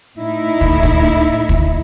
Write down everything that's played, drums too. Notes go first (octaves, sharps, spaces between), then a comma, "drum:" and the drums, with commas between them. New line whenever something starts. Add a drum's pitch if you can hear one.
A2 D#4 E4
drum: kick
drum: kick
drum: kick